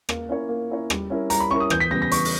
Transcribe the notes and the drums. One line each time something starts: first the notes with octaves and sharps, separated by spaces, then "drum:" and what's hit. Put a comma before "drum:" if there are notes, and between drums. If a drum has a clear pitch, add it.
A#3, drum: rim click
C#4 E4 A#4 C#5
A#3
C#4 E4 A#4 C#5
G3, drum: rim click
C#4 E4 A#4
G3 A#5, drum: hi-hat
B5
C#4 E4 A#4 C#6
D#6
E2 G6, drum: rim click
B6
C#3 G3 B3 A#6
A#6
E2 C#6, drum: hi-hat
drum: open hi-hat